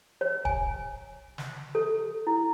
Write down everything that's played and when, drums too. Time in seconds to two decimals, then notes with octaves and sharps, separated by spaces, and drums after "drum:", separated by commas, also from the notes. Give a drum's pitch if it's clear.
0.21 C#5
0.45 G#5, drum: kick
1.38 drum: snare
1.75 A4
2.27 E4